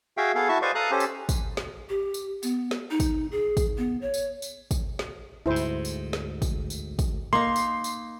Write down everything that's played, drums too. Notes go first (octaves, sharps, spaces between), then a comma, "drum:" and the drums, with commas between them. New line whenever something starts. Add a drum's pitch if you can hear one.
F#4 G#4 E5 F5 G5
B3 G#4 A4 F5
E4 F#4 E5 A5 C#6
B4 C5 D5 D#5 F5 C#6
A4 F5 A#5 D#6 F#6
C#4 G4 A4 C5
drum: tambourine
drum: kick, tambourine
drum: snare
G4
drum: tambourine
B3, drum: tambourine
drum: snare
D#4
drum: kick, tambourine
G#4
drum: kick, tambourine
B3
C#5
drum: tambourine
drum: tambourine
drum: kick, tambourine
drum: snare
D2 G#2 E4 C5
drum: tambourine
drum: tambourine
drum: snare
drum: kick, tambourine
drum: tambourine
drum: kick, tambourine
A#3 D#4 C6
drum: tambourine
drum: tambourine